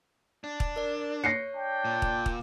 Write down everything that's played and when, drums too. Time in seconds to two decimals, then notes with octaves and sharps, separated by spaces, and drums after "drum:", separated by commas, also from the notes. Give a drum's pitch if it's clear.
0.44 D4
0.60 drum: kick
0.76 A#4 D5
1.24 C#5 A#6 C7 C#7
1.55 D4 G5
1.85 A#2
2.02 drum: kick
2.26 drum: kick